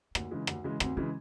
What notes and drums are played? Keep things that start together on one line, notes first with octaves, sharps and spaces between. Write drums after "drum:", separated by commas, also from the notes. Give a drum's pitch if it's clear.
D2 A#3, drum: rim click
C#3 E3 G#3
D2, drum: rim click
C#3 E3 G#3
D2 C4, drum: rim click
C#3 E3 G#3 C#4